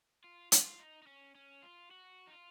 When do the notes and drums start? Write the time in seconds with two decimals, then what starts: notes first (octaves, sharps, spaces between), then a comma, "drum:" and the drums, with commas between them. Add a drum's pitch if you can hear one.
0.24 F4
0.52 F4, drum: hi-hat
0.80 D#4
1.02 D#4
1.07 C#4
1.35 C#4
1.63 F4
1.91 F#4
2.27 D#4
2.31 F4